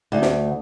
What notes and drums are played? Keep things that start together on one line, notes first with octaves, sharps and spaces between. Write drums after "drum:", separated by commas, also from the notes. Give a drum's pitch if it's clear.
D2
drum: snare